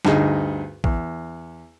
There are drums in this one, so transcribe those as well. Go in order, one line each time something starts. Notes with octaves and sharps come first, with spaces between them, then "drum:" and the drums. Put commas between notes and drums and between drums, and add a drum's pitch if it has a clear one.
D2 G2 D#4 G#4, drum: snare
E2, drum: kick A#1